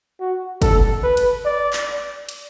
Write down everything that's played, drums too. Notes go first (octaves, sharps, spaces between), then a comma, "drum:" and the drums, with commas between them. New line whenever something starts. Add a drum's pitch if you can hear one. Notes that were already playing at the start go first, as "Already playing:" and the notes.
F#4
A4, drum: kick, cymbal
B4
drum: cymbal
D5
drum: clap
drum: cymbal